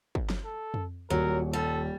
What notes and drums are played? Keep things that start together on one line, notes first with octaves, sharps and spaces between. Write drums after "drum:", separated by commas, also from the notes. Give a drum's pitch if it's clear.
drum: kick
drum: snare
A4
drum: tom F2
D#1 F#3 A#4
G3 A4